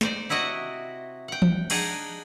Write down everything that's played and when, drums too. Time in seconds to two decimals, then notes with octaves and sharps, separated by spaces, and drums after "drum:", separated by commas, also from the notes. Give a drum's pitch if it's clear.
0.01 D#4 C5 D5, drum: snare
0.29 C3 E4 F#4 D#5 F#5
1.28 F#5 G5
1.42 drum: tom E3
1.70 D4 D#4 G#4 F#5 G5 A#5, drum: cymbal